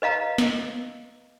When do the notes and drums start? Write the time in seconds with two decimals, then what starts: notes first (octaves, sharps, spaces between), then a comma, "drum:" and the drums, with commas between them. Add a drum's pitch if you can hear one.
0.02 B4 D#5 F5 A#5
0.38 drum: snare